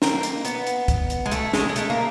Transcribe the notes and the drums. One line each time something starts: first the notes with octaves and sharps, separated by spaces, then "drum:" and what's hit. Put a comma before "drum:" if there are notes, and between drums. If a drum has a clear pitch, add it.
A#3, drum: snare
drum: hi-hat
B3, drum: hi-hat
drum: hi-hat
drum: kick, hi-hat
drum: hi-hat
G#3
A3, drum: hi-hat
G#3, drum: snare
G#3
A3, drum: hi-hat
A#3